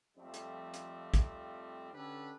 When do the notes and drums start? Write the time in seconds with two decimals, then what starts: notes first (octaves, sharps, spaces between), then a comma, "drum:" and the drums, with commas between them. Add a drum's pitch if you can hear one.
0.17 F2 F3 G3 A3 C4
0.34 drum: hi-hat
0.74 drum: hi-hat
1.14 drum: kick, hi-hat
1.93 D3 C#4 G4 A4 B4